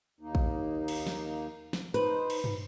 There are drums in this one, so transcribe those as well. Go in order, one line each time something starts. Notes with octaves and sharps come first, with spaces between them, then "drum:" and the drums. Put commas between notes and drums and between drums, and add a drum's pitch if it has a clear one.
D#2 A#3 D#4
drum: kick
drum: cymbal
drum: snare
drum: snare
D#4 B4 C5, drum: hi-hat
drum: cymbal
drum: tom G2